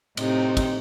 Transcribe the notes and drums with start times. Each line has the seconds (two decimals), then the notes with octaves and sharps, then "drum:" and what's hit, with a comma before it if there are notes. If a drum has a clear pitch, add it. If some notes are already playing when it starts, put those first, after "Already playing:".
0.17 A2 C3 C4 D#4, drum: cymbal
0.57 drum: kick, cymbal